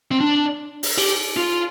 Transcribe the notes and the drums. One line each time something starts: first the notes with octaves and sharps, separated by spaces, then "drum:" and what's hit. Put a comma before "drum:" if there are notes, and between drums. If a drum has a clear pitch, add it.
C4
D4
drum: open hi-hat
G4, drum: cymbal
F4